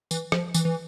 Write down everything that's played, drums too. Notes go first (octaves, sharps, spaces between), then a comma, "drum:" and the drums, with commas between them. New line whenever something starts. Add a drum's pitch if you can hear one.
E3, drum: tambourine
F3, drum: rim click
E3, drum: tambourine
E3